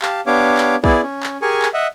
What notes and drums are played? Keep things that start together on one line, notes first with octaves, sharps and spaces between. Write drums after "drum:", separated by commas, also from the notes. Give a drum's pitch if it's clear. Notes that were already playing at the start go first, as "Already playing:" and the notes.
G4 F5 A5, drum: clap
B3 D4 G4 C#5 F5 D6
drum: clap
B3 E4 G#4 D5, drum: kick
C#4
drum: clap
G4 G#4 A#4 G#5 C#6
drum: clap
D#5 E5 F#5